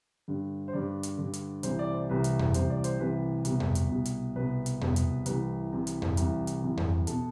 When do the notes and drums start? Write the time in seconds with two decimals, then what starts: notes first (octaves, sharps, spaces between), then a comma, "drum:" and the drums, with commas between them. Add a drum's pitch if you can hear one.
0.28 G2 D3
0.68 C5
0.73 G2 D3 D5
1.03 drum: hi-hat
1.18 G2 D3
1.33 drum: hi-hat
1.63 C2 C3 E3 C5, drum: hi-hat
1.79 D5
1.93 C5
2.09 C2 C3 E3 B4
2.24 drum: hi-hat
2.39 drum: tom F2
2.54 C2 C3 E3 C5, drum: hi-hat
2.70 D5
2.84 C5, drum: hi-hat
2.99 C2 C3 E3 B4
3.45 C2 B2, drum: hi-hat
3.60 drum: tom F2
3.75 drum: hi-hat
3.90 C2 B2
4.05 drum: hi-hat
4.36 C2 B2 B4
4.66 drum: hi-hat
4.81 C2 B2, drum: tom F2
4.96 drum: hi-hat
5.26 C2 C3 E3 B4, drum: hi-hat
5.71 C2 C3 E3
5.87 drum: hi-hat
6.02 drum: tom F2
6.17 C2 C3 E3, drum: hi-hat
6.47 drum: hi-hat
6.62 C2 C3 E3
6.77 drum: tom F2
7.07 B2 A4, drum: hi-hat